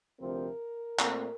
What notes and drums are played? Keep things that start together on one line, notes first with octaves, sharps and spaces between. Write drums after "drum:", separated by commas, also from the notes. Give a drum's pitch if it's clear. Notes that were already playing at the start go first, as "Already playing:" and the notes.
D2 C3 F3 C4 A#4
A#2 A3 C4, drum: clap